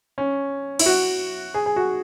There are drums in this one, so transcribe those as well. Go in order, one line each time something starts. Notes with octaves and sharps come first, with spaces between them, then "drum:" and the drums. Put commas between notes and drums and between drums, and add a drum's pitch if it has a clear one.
C#4
E4, drum: cymbal
F#4
G#4
G#4
F#4